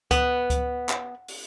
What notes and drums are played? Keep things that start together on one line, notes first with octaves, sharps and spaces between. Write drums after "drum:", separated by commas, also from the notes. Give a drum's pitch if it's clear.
B3, drum: kick C#2, hi-hat
drum: kick C#2, hi-hat
drum: clap
drum: open hi-hat